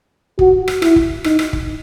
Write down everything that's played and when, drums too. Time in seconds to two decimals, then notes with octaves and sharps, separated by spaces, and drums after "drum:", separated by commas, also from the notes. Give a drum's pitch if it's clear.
0.39 F#4, drum: kick
0.68 drum: rim click
0.82 E4, drum: rim click
0.96 drum: kick
1.24 D#4, drum: rim click
1.39 drum: rim click
1.53 drum: kick